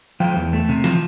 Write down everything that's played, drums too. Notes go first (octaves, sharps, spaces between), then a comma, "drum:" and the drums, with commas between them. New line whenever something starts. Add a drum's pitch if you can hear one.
F3 G5
E2
A3
C3
F3, drum: tom E3